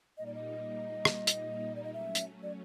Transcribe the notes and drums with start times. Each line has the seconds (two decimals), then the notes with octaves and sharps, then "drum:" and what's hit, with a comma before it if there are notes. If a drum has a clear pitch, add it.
0.18 A#2 G3 A#3 D#4 D#5
0.26 D5
0.35 D#5
1.05 drum: rim click
1.27 drum: hi-hat
1.76 D5
1.84 D#5
1.93 F#3 A3 C#4 E5
2.15 drum: hi-hat
2.43 D5